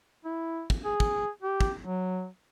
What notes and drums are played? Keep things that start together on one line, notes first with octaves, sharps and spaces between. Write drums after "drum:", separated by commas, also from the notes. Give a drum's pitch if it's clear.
E4
drum: kick
G#4
drum: kick
G4
drum: kick
F#3